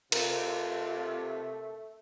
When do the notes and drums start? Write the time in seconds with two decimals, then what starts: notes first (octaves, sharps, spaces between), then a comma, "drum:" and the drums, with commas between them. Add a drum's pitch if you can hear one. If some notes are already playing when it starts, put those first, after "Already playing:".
0.12 C3 A3 F4 A#4, drum: cymbal